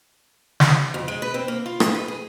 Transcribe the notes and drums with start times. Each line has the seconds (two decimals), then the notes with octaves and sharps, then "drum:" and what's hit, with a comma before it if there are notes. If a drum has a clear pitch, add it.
0.60 drum: snare
0.94 F2
1.08 G#3
1.22 B4
1.34 C4
1.48 A#3
1.66 F4
1.80 G#2, drum: rim click
1.95 B4
2.08 G#4